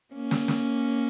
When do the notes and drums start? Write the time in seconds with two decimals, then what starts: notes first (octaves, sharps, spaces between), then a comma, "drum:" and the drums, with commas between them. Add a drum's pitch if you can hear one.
0.14 A#3 C#4
0.31 drum: snare
0.48 drum: snare